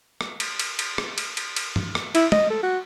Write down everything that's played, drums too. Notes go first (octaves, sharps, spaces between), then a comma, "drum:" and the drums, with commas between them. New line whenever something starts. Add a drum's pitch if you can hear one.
drum: rim click
drum: cymbal
drum: cymbal
drum: cymbal
drum: rim click
drum: cymbal
drum: cymbal
drum: cymbal
drum: tom G2
drum: rim click
E4, drum: cymbal
D#5, drum: tom
A4
F#4